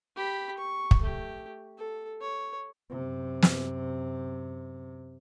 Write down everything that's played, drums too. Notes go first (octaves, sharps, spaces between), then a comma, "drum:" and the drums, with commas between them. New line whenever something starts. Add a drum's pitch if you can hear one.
G4 B5
C#6
drum: kick
A3 G4
A4
C#5
F#2 C3
drum: snare